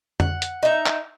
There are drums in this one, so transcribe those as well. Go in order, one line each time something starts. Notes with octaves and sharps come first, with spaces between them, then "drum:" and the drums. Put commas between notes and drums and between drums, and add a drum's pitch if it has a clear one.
F#5, drum: tom F2
drum: hi-hat
D#4 E5
drum: clap